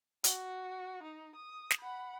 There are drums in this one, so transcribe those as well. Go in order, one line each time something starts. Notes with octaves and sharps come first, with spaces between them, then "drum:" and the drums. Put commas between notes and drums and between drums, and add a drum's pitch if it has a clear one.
F#4, drum: hi-hat
D#4
D#6
drum: snare
F#5 B5